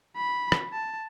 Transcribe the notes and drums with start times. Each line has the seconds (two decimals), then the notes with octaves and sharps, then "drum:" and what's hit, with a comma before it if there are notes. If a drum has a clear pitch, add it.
0.17 B5
0.52 drum: rim click
0.73 A5